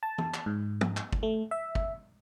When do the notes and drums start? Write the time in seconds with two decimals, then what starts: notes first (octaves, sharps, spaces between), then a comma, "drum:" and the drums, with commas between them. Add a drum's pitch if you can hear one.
0.03 A5
0.18 drum: tom
0.34 drum: clap
0.46 G#2
0.81 drum: tom
0.97 drum: clap
1.13 drum: kick
1.23 A3
1.51 E5
1.75 drum: kick